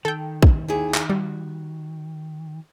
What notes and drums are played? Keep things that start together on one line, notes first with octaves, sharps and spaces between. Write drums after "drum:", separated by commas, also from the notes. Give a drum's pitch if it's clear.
D#3 A4 G5
drum: kick
D#2 E4 G#4
drum: clap
G3 F#4